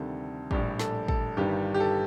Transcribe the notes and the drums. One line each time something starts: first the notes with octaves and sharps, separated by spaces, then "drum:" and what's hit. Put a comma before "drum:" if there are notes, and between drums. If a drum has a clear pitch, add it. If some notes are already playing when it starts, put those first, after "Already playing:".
Already playing: D2 C3 D#3 G3 A4
A#1 A2 G3 G4, drum: kick
A4, drum: snare
A4, drum: kick
G1 G2 D#3 G3 G4
G4
A4